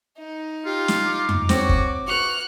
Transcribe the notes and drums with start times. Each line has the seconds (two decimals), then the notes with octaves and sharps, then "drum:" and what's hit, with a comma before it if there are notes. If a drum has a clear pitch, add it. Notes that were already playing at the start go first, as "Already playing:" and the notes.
0.18 D#4
0.65 F4 G4
0.88 drum: snare
1.05 D6
1.29 drum: tom F2
1.49 C4 F#4 C#5, drum: snare
1.69 drum: kick
2.08 F#4 B4 C#6 F6 F#6